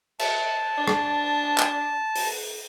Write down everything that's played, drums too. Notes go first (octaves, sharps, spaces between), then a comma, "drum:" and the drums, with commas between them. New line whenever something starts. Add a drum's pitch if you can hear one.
E5 A5, drum: cymbal
D4
drum: rim click
drum: clap
drum: open hi-hat